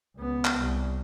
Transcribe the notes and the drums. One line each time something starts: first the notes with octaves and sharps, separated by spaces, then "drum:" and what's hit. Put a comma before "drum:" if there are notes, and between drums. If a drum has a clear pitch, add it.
C#2 B3
drum: clap
C2